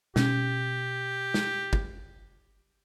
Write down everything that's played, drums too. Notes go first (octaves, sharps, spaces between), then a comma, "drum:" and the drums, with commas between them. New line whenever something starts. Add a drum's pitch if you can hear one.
B2 C#4 G4, drum: snare
drum: snare
drum: kick G1